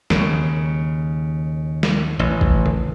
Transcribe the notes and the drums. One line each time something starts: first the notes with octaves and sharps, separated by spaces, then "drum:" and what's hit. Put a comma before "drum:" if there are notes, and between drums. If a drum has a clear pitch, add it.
D#2 C#3, drum: snare
drum: snare
A1
drum: kick
drum: tom D3